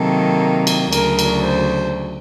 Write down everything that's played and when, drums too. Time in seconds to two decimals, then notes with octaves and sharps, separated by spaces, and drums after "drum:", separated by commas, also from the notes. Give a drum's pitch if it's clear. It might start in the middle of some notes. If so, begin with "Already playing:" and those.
Already playing: C3 D#3 F#3 A#3 A4
0.67 drum: cymbal
0.93 D2 C#3 F#3 A#4, drum: cymbal
1.19 drum: cymbal
1.45 C5